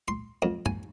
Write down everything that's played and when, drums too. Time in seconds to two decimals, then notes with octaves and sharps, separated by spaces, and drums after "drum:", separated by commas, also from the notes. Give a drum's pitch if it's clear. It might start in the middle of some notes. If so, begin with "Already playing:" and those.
0.08 C6
0.42 F2
0.66 G#5, drum: tom G2